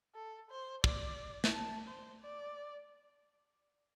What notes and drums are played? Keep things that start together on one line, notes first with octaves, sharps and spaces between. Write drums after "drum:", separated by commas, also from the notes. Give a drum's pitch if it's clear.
A4
C5
D5, drum: kick
drum: snare
A5
C5
D5